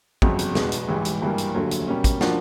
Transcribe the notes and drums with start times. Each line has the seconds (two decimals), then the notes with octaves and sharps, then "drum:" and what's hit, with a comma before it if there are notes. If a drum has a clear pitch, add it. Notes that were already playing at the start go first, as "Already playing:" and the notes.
0.22 G1 F2 C#3 F#3, drum: kick
0.39 drum: hi-hat
0.55 E2 B2 G#3 B3, drum: snare
0.72 drum: hi-hat
0.88 A1 G#2 E3 G3
1.05 drum: hi-hat
1.22 G#1 G2 E3 G3 A#3
1.38 drum: hi-hat
1.55 F1 D#2 D3 F#3
1.71 drum: hi-hat
1.87 B2 G3 A#3 C#4
2.04 drum: kick, hi-hat
2.21 F3 A#3 D4 F#4, drum: snare